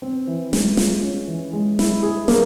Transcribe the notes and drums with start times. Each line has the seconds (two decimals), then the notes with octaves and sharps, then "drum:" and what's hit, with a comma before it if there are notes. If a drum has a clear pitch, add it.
0.02 C4
0.27 E3
0.53 G#3, drum: snare
0.77 F4, drum: snare
1.02 C#4
1.27 E3
1.53 G#3
1.79 E4, drum: snare
2.03 G#4
2.28 A#3, drum: snare